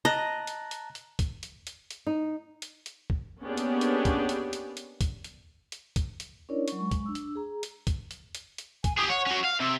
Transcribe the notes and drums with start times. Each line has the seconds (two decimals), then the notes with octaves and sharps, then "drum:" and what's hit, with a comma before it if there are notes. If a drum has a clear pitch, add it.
0.05 D#5 A5 A#5 F#6
0.47 drum: hi-hat
0.71 drum: hi-hat
0.95 drum: hi-hat
1.19 drum: kick, hi-hat
1.43 drum: hi-hat
1.67 drum: hi-hat
1.91 drum: hi-hat
2.07 D#4
2.62 drum: hi-hat
2.86 drum: hi-hat
3.10 drum: kick
3.40 A#3 B3 C#4 D4 G4 G#4
3.57 drum: hi-hat
3.81 drum: hi-hat
4.05 drum: kick, hi-hat
4.29 drum: hi-hat
4.53 drum: hi-hat
4.77 drum: hi-hat
5.01 drum: kick, hi-hat
5.24 drum: hi-hat
5.72 drum: hi-hat
5.96 drum: kick, hi-hat
6.20 drum: hi-hat
6.49 C#4 D4 E4 A#4 C#5 D5
6.68 F#3 C#6, drum: hi-hat
6.79 G#3 C#6
6.91 drum: kick, hi-hat
7.06 D4 E6
7.15 drum: hi-hat
7.35 G#4 A#5
7.63 drum: hi-hat
7.87 drum: kick, hi-hat
8.11 drum: hi-hat
8.35 drum: hi-hat
8.58 drum: hi-hat
8.84 G#5, drum: kick, hi-hat
8.97 G4 G#4 D#6
9.09 C#5 F#5
9.26 C#4 F#4
9.44 F5
9.60 C3 E6